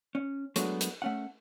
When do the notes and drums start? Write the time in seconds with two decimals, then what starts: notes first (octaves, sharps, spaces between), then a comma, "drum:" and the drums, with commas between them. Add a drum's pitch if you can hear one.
0.15 C#4
0.56 F#3 G#3 A3 B3 D4, drum: hi-hat
0.81 drum: hi-hat
1.02 A3 C#4 F#5